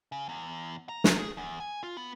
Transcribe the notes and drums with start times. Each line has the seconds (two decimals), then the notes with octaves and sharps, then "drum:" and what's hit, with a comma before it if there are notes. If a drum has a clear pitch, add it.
0.12 C#3
0.29 E2
0.89 A#5
1.04 drum: snare
1.18 G#4
1.37 E2
1.60 G#5
1.83 F4
1.97 B3